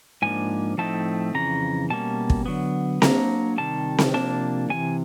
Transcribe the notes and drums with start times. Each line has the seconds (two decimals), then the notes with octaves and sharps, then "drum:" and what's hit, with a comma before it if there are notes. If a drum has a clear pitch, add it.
0.22 G#2 F3 A#3 D4 G#5
0.78 A2 F3 A3 C4 D#4 A5
1.34 F2 C#3 E3 A#5
1.90 B2 G3 A#3 C#4 A5
2.30 drum: kick
2.46 D3 F#3 B3
3.02 B2 F#3 A#3 D4 A#5, drum: snare C4
3.58 C3 D#3 G3 A5
3.98 drum: snare C4
4.14 C3 F3 A#3 D4 A5
4.69 E2 C3 E3 G#5